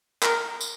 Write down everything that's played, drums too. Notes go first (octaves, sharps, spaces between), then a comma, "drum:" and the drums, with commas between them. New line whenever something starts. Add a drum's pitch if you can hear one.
A#4, drum: clap
drum: tambourine